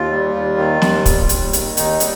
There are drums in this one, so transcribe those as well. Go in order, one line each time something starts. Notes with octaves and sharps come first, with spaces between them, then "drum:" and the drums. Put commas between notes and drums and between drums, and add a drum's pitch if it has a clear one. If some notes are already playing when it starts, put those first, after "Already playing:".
Already playing: D#2 F4
G3
D#2
D#3
D#2, drum: snare
G3, drum: kick, hi-hat
D#2, drum: hi-hat
D#3, drum: hi-hat
D#2 D#4, drum: hi-hat
G3, drum: hi-hat